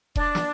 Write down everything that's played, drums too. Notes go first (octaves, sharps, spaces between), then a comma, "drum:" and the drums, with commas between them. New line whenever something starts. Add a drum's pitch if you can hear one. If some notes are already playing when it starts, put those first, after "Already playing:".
D4, drum: kick E1
drum: snare